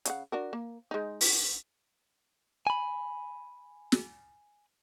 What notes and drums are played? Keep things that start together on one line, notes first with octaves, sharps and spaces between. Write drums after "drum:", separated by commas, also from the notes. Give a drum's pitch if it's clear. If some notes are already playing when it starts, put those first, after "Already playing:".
C#3 F5 F#5, drum: hi-hat
D4 F#4 A#4
A#3
G#3 D#4
drum: open hi-hat
G#5 B5
drum: snare